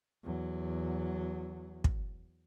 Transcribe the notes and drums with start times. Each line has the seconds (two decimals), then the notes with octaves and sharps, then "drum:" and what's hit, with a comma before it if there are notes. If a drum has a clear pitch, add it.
0.24 E2 F#3
1.84 drum: kick